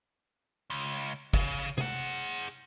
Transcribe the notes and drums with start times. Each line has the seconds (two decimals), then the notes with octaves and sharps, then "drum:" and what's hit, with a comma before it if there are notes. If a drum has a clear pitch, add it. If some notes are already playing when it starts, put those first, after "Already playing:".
0.70 C#2
1.34 C#3, drum: kick
1.78 G#4 F#5, drum: tom C3